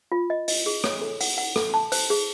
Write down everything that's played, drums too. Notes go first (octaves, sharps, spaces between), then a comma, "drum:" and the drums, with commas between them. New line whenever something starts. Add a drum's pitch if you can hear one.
F4
D#5
D#5, drum: open hi-hat
G#4
C#5, drum: rim click
A4
F#5, drum: open hi-hat
F#5
A4, drum: rim click
A5
C5, drum: open hi-hat
G#4